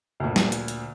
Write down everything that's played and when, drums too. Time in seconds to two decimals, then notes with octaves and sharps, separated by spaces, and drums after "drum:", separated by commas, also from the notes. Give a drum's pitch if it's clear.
0.20 D2 A#2
0.36 drum: snare
0.52 drum: hi-hat
0.68 drum: hi-hat